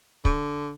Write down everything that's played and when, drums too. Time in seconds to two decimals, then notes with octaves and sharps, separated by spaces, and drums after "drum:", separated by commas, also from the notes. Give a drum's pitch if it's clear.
0.25 D3, drum: kick